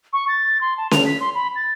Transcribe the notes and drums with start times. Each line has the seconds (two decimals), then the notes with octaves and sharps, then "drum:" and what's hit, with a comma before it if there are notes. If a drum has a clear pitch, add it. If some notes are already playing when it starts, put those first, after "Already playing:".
0.13 C#6
0.28 A6
0.61 C6
0.77 A5
0.91 F7, drum: snare C#4
1.06 B6
1.20 C6
1.35 B5
1.56 A6